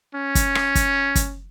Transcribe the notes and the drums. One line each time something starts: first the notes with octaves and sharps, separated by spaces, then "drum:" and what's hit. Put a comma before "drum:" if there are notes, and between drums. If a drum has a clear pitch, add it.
C#4
drum: kick, hi-hat
drum: rim click
drum: kick, hi-hat
drum: kick, hi-hat